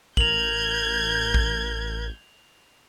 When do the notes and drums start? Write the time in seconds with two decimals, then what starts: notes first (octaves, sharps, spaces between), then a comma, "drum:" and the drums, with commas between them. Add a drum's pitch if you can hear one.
0.17 A1 A#4 G6 G#6 F7 F#7, drum: kick
1.34 drum: kick